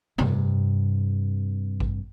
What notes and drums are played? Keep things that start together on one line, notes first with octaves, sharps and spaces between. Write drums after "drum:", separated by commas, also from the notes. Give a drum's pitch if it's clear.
G2 C3, drum: tom F2
drum: kick A1